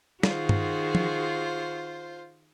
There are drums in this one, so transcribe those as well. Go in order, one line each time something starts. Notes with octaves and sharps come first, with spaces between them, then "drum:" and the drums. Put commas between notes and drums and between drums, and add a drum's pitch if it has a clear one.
D#3 F4 F#4 G#4 C5, drum: snare
drum: tom
drum: tom